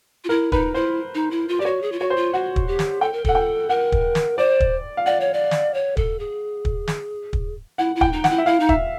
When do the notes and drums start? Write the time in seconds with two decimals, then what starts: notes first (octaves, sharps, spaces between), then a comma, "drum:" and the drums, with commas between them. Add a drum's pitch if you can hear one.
0.24 F4
0.29 E4 A#4
0.52 D#4 B4, drum: kick
0.74 E4 C5
1.14 D#4
1.31 E4
1.48 F4
1.59 G4 D5
1.65 F#4 C#5
1.82 G#4
1.92 F4
1.99 F#4 C#5
2.10 C5
2.16 F4
2.34 F#4 F#5
2.56 drum: kick
2.67 G4
2.79 drum: snare
3.01 A4 G5
3.13 A#4
3.25 A4 F#5, drum: kick
3.35 G5
3.69 A#4 F#5
3.92 drum: kick
4.15 drum: snare
4.38 C5 D5
4.60 drum: kick
4.97 F5
5.06 D5 F#5
5.20 C#5
5.33 D5
5.51 drum: snare
5.74 C#5
5.97 A4, drum: kick
6.19 G#4
6.65 drum: kick
6.88 drum: snare
7.33 drum: kick
7.78 E4 F#5
7.95 E4
8.01 G5, drum: kick
8.12 D#4
8.24 F#5, drum: snare
8.29 E4
8.38 E5
8.46 E4 F5
8.60 D#4
8.69 E5, drum: kick